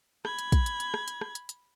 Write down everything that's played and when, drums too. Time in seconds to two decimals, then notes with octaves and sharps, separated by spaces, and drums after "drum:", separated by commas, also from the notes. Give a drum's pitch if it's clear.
0.25 B5 G#6, drum: rim click
0.39 drum: hi-hat
0.52 drum: kick, hi-hat
0.66 drum: hi-hat
0.80 drum: hi-hat
0.94 drum: rim click
1.08 drum: hi-hat
1.21 drum: rim click
1.35 drum: hi-hat
1.49 drum: hi-hat